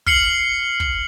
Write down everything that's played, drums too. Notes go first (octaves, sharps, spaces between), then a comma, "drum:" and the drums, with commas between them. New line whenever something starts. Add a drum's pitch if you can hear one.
F6 C7 C#7 F#7, drum: kick
drum: kick